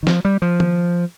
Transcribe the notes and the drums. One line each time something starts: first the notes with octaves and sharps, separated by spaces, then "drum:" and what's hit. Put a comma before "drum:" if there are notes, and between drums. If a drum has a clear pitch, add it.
D#3
F3, drum: snare
G3
F3
drum: tom